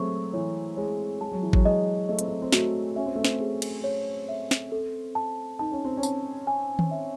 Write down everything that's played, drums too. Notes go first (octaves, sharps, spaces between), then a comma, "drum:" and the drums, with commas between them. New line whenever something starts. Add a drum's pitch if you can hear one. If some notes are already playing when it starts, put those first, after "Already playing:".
Already playing: F#3 G#3 A3 C4 C#6
E3 C#5
G#3 C#5
G#3 A5
F#3
E3
F#3, drum: kick G#1
G#3 D#5
A3 D#5
C4, drum: hi-hat
A3
C4
A3 F#4, drum: snare
C#4 E5
C4
A3
C4, drum: snare
G#4
drum: cymbal
C#5
E5
drum: snare
A4
A5
D#4 A5
C#4
C4
C#4
A5, drum: tambourine
G#5
drum: tom D#3
E5